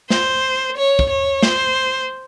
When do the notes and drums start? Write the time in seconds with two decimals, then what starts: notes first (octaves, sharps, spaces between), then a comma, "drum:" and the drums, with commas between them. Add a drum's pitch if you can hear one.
0.10 C5, drum: snare
0.77 C#5
0.99 drum: kick
1.09 C#5
1.43 C5, drum: snare